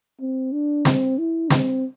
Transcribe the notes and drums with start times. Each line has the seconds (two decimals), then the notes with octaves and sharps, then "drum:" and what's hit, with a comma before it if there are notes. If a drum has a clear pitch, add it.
0.21 C4
0.53 D4
0.85 C4, drum: snare
1.18 E4
1.50 C4, drum: snare